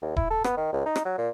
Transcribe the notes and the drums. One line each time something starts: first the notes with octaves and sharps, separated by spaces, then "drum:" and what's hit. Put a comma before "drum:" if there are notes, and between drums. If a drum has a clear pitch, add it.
D#2
E4, drum: kick D#1
A4
B3, drum: rim click
D#3
C#2
D#4
drum: rim click
F#3
A#2